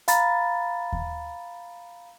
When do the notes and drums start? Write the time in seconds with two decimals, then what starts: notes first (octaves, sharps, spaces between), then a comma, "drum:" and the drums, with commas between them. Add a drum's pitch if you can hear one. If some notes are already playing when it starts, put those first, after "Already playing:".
0.08 F5 A#5 B5 A6, drum: hi-hat
0.93 drum: kick D#2